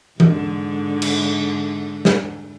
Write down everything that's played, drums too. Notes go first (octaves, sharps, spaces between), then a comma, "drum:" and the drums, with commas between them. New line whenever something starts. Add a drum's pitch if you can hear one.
G#2 D3, drum: tom E3
drum: cymbal
drum: snare